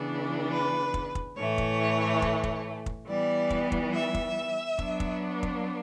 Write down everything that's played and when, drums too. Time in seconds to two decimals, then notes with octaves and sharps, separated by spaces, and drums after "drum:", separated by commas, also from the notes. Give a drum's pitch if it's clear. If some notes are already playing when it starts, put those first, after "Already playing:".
Already playing: C#3 E3 B3 D4
0.51 B4
0.94 drum: kick
1.15 drum: kick
1.36 A2 E3 A3 C#5
1.58 drum: kick
2.22 drum: kick
2.43 drum: kick
2.86 drum: kick
3.07 E3 G3 B3 D5
3.50 drum: kick
3.72 drum: kick
3.93 E5
4.14 drum: kick
4.79 F#3 B3 D4, drum: kick
5.00 drum: kick
5.43 drum: kick